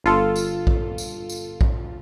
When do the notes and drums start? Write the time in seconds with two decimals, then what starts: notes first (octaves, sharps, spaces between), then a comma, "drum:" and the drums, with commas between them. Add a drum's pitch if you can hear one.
0.04 G1 F4 A4
0.36 drum: tambourine
0.67 drum: kick A#1
0.98 drum: tambourine
1.29 drum: tambourine
1.61 drum: kick A#1